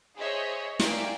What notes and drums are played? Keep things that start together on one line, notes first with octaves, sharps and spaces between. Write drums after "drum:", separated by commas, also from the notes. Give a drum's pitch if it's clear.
G#4 C5 C#5 D#5 E5
A#4 D5 E5 F5 G5 G#5, drum: snare